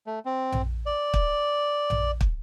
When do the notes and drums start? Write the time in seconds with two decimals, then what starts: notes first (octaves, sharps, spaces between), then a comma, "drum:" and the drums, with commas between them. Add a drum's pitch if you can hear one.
0.07 A3
0.25 C4
0.52 drum: tom A#1
0.86 D5
1.14 drum: kick
1.90 drum: tom A#1
2.21 drum: kick